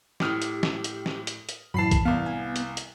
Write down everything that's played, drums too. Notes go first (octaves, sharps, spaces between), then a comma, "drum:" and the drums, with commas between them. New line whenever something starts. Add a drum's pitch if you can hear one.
A2 G4 D#6 F6, drum: snare
drum: hi-hat
drum: snare
drum: hi-hat
drum: snare
drum: hi-hat
drum: hi-hat
F#2 A2 E3 F#3 A5 B5 C7
drum: kick A#1, hi-hat
C2 B3 F5
G#5
drum: hi-hat
drum: hi-hat